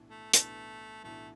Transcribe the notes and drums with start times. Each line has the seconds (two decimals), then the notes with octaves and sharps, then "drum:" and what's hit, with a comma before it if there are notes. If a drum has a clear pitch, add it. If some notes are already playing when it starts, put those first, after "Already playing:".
Already playing: B1 A2 E3 B3 D4
0.10 A3
0.33 B1 A2 E3 A3 B3 D4, drum: hi-hat
1.04 B1 A2 E3 A3 B3 D4